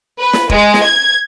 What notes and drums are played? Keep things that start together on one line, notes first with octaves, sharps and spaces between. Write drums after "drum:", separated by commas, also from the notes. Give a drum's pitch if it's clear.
B4
drum: snare
G#3, drum: kick E1
drum: snare
G#6